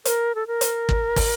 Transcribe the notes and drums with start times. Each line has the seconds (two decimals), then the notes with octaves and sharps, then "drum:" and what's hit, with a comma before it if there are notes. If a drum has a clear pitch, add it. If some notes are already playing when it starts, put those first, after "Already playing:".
0.05 A#4, drum: hi-hat
0.35 A4
0.47 A#4
0.61 drum: hi-hat
0.89 drum: kick
1.16 drum: kick, open hi-hat